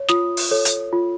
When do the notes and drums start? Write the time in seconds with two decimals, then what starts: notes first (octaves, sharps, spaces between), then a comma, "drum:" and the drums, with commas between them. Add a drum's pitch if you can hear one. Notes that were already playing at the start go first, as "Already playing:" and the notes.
Already playing: C#5
0.09 F4 D#6, drum: snare
0.37 drum: open hi-hat
0.51 A4 C#5
0.65 drum: hi-hat
0.93 F4